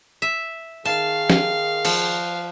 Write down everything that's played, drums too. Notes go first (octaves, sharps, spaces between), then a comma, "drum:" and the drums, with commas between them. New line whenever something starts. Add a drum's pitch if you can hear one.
E5
D#3 G#4 F5 A5
drum: snare
F3 F#5, drum: cymbal